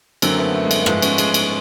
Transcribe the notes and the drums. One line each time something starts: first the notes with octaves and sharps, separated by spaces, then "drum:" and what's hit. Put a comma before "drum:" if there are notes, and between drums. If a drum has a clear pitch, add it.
F#2 D3 F#3 A#3 C4, drum: cymbal
A3 B3
A3
G#3
A3, drum: cymbal
A#3
G#2 F3 G#3 A3 B3, drum: rim click
B3 C#4, drum: cymbal
G#3, drum: cymbal
drum: cymbal